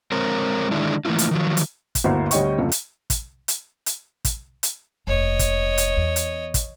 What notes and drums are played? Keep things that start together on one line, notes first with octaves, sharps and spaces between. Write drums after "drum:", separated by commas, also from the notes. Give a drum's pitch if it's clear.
G#3 C4 A#4 C5 C#5
D3 D#3 G#3 D4 E4
E3 A3 A#3 E4 F4
drum: hi-hat
D#3 F3 F#3
drum: hi-hat
drum: kick, hi-hat
G1 D2 A#3 E4 F#4 C5
D2 G3 C#5 D#5 G5 C#6, drum: hi-hat
F#1 F2 C3 F3 A3
drum: hi-hat
drum: kick, hi-hat
drum: hi-hat
drum: hi-hat
drum: kick, hi-hat
drum: hi-hat
F1 D#2 C#5 D#5
drum: kick, hi-hat
drum: hi-hat
E2
drum: hi-hat
drum: kick, hi-hat